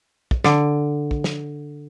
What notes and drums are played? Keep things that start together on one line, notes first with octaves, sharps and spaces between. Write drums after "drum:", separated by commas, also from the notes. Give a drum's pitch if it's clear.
drum: kick
D3, drum: snare
drum: kick
drum: snare